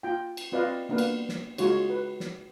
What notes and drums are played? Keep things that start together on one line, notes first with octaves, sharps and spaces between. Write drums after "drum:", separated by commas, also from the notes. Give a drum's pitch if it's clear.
F4 G5
drum: cymbal
C4 F4 B4 D5 D#5 F5
A#3 B3 D4 B4 F5
drum: cymbal
drum: snare
G#3 F4 F#4 C#5, drum: cymbal
B4
drum: snare